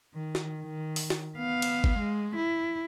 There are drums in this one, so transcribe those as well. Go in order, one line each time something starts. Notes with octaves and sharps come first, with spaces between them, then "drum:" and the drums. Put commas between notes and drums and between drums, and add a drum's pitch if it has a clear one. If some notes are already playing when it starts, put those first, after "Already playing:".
D#3
drum: snare
D#3
drum: open hi-hat
drum: snare
B3 F5
drum: cymbal
drum: kick G#1
G#3
E4